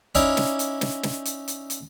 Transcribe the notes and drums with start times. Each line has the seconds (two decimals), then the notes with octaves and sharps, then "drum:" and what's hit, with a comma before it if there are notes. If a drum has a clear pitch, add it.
0.15 C#4 D#4 E4 D5, drum: kick F#1, hi-hat
0.37 drum: snare
0.59 drum: hi-hat
0.81 drum: snare
1.03 drum: snare
1.25 drum: hi-hat
1.48 drum: hi-hat
1.70 drum: hi-hat